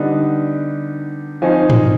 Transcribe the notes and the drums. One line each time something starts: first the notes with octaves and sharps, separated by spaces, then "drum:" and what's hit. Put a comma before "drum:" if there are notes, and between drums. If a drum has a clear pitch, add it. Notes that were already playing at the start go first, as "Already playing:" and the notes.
Already playing: D3 G3 B3 D#4
F3 C4 D#4 G#5
drum: tom